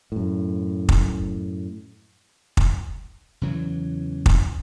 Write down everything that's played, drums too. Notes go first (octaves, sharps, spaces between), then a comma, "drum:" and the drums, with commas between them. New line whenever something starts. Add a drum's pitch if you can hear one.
F#2 A2
drum: kick
drum: kick
E2 C#3 E3 F#3
drum: kick